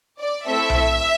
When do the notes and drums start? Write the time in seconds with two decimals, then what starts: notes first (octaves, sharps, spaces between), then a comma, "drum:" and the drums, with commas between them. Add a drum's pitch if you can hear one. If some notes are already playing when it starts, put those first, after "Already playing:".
0.20 D5
0.48 A3 C4 E4 A4 E5
0.70 drum: tom B1